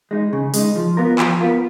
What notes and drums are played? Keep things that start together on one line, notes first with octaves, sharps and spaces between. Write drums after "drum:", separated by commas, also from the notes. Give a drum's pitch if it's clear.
G#3 D#4
C#3
G#3 D#4, drum: open hi-hat
F3
B3 F4 A#4
F3, drum: clap
B3 F4 A#4